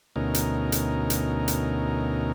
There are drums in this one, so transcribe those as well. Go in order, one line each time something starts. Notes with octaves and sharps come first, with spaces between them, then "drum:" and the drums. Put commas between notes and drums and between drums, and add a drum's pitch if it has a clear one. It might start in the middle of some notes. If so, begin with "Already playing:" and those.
D2 B2 C#4 D#4 A#4
drum: hi-hat
drum: hi-hat
drum: hi-hat
drum: hi-hat